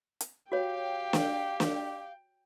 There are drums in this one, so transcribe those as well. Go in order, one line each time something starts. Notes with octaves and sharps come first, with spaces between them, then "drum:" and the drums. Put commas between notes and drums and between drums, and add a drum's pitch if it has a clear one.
drum: hi-hat
F#4 G4 C#5 F5 G5
drum: snare
drum: snare